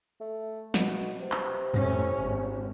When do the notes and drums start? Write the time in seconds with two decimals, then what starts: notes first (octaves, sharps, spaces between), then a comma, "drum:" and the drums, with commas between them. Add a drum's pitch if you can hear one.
0.21 A3
0.74 B2, drum: snare
1.21 C3
1.32 drum: clap
1.74 A2 C#4, drum: tom F2
2.19 G#1